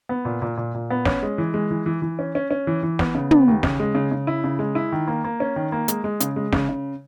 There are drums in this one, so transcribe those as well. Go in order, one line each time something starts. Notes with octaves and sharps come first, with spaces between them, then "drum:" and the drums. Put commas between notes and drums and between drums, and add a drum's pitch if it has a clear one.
B3
A#2
A#2
A#2
A#2
B3
C#4, drum: snare
G#3
E3
G#3
E3
E3
E3
C#4
C#4
C#4
E3
E3
B3, drum: snare
C#3
B3, drum: tom
D#2
C#3, drum: snare
G#3
C#3
C#3
E4
C#3
G#3
E4
D#3
A#3
A#3
C#4
D#3
A#3
G#3, drum: hi-hat
G#3
C#3, drum: hi-hat
G#3
C#3, drum: snare
C#3